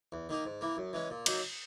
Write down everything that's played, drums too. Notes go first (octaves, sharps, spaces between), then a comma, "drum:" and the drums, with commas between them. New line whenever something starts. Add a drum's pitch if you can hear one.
E2
D#3 A#3 D#4
G#2
E3 A#3
F#2
E3 G#3 C#4
A#2
F#3 A#3 D#4, drum: cymbal